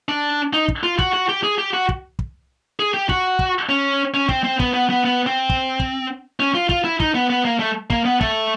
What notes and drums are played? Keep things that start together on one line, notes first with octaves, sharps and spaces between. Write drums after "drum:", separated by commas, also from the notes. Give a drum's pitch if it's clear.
D4
D#4
drum: kick
F4
F#4, drum: kick
F#4
G4
G#4
G4
F#4
drum: kick
drum: kick
G#4
G4
F#4, drum: kick
drum: kick
C#4
C#4
C4, drum: kick
C4
B3, drum: kick
B3
B3
B3
C4
drum: kick
drum: kick
C#4
F4
F4, drum: kick
E4
D#4, drum: kick
B3
B3
A#3
A3
A#3, drum: kick
B3
A3, drum: kick